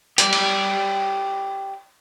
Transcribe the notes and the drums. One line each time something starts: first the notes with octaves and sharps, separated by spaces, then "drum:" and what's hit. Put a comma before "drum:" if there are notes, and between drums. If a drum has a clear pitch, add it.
G4 D5, drum: hi-hat
drum: cymbal